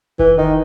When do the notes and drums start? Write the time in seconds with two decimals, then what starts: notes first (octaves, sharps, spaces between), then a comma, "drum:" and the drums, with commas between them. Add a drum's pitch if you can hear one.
0.19 E3, drum: kick F#1
0.38 D#3